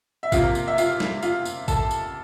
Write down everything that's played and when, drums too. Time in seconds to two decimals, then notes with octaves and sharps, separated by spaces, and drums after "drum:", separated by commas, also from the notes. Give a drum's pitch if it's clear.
0.23 E5
0.32 C3 F3 A#3 F4 F5, drum: kick A1, tambourine
0.55 drum: tambourine
0.67 E5
0.78 F4 F5, drum: tambourine
1.00 drum: snare
1.22 F4 F5, drum: tambourine
1.45 drum: tambourine
1.68 A4 A5, drum: kick A1, tambourine
1.91 drum: tambourine